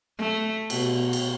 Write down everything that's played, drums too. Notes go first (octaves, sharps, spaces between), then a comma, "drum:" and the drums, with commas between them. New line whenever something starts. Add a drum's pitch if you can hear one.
A3
B2, drum: cymbal
drum: cymbal